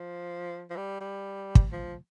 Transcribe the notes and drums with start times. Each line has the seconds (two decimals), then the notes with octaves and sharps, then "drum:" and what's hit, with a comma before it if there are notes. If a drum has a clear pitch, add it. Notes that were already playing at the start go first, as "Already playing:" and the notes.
Already playing: F3
0.70 F3
0.77 G3
1.01 G3
1.55 drum: kick
1.72 F3